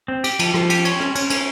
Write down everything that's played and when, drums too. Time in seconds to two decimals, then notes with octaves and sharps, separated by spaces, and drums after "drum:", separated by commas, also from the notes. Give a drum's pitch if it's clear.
0.08 C4
0.24 G4, drum: cymbal
0.39 F3, drum: cymbal
0.54 F3, drum: rim click
0.70 G4, drum: cymbal
0.85 C#5, drum: cymbal
1.00 C#4, drum: rim click
1.15 C#4, drum: cymbal
1.30 C#4, drum: cymbal